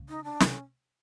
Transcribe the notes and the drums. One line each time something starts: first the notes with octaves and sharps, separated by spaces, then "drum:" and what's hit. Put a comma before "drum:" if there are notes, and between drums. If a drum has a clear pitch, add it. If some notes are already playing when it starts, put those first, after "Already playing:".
Already playing: C#3
D#4
D4
C3 C#4, drum: snare